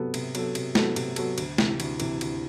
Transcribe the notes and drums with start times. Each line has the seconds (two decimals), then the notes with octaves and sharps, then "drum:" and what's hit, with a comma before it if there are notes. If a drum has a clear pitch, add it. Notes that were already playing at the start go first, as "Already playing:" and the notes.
Already playing: C3 F#3 B3 F#4 A4
0.14 C3, drum: cymbal
0.35 F#3 B3 F#4 A4, drum: cymbal
0.55 C3, drum: cymbal
0.75 F#3 B3 F#4 A4, drum: snare
0.96 C3, drum: cymbal
1.16 F#3 B3 F#4 A4, drum: cymbal
1.38 D2, drum: cymbal
1.58 C3 E3, drum: snare
1.80 D2, drum: cymbal
2.00 C3 E3, drum: cymbal
2.21 D2, drum: cymbal